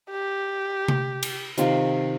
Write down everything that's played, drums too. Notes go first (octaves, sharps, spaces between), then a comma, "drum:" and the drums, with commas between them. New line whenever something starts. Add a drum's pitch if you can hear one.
G4
drum: tom C3
drum: cymbal
C3 D#3 F4, drum: hi-hat